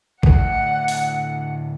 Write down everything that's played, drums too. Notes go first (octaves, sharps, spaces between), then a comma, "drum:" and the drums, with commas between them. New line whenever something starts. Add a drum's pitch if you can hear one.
D2 A2 F#5, drum: kick
drum: open hi-hat